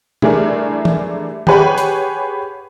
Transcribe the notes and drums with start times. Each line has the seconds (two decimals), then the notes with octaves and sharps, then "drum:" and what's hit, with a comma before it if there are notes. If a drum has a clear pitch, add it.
0.22 E3 G3 A3 D4 G#4 A#4, drum: tom
0.85 drum: tom
1.47 G4 G#4 B4 C#5 F#5 B5, drum: tom
1.78 drum: hi-hat